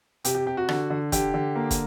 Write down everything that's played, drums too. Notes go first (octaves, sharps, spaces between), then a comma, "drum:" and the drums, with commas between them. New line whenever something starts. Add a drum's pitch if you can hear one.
C3 G4, drum: hi-hat
G4
C3 G4
F#4
D3, drum: rim click
D3
D3 G4, drum: kick, hi-hat
D3
A#3
drum: kick, hi-hat